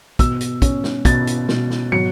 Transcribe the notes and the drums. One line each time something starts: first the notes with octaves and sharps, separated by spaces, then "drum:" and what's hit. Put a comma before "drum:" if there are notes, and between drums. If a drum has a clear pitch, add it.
B2 E6, drum: kick, hi-hat
drum: hi-hat
C#4, drum: kick, hi-hat
drum: snare
B2 A6, drum: kick, hi-hat
drum: hi-hat
B2, drum: snare
drum: snare
F#3 C#7, drum: tom